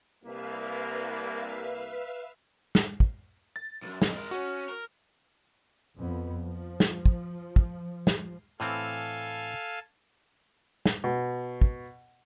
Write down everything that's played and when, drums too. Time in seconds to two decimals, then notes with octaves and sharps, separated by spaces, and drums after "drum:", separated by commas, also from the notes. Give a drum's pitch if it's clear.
0.24 C2 A#3 B4 E5 F5
2.75 drum: snare
3.00 drum: kick
3.56 A6
3.82 B1 F#2
4.02 F2, drum: snare
4.15 G#3 A#4
4.31 C#4 F#4
4.69 A#4
5.98 F2 B3
6.43 F3
6.80 drum: snare
7.06 drum: kick
7.56 drum: kick
8.07 drum: snare
8.60 A2 E3 C4 A4 F5 G#5
10.85 drum: snare
11.04 B2
11.61 drum: kick